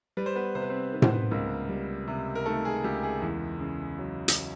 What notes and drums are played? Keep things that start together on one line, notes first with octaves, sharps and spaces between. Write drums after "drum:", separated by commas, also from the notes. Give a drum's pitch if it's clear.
G3 B4
C5
B3 B4
C3 C5
B4
C4 C5
D#3 B4
C5, drum: tom A2
B3 B4
C#2 A#3 A#4
G3
C3
A#4
D#3 A3 A4
G#4
C#2 G4
G#4
E2
C#3
F#3
drum: hi-hat